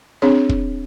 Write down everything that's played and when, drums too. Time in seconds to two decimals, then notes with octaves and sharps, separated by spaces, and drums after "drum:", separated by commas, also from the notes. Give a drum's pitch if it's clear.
0.22 C4 D4 G#4 C#5
0.49 drum: kick